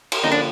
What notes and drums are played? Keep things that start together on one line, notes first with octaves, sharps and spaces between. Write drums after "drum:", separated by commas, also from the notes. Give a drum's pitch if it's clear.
drum: cymbal
D3 F3 A#3 D#4 F4
D4